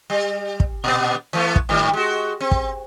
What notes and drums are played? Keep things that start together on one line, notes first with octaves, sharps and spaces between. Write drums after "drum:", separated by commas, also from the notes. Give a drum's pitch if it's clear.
G3
drum: kick
A#2 B3
E3 A3 B3
drum: kick
G#2 D#3 G3
G#3 F#4
C4
drum: kick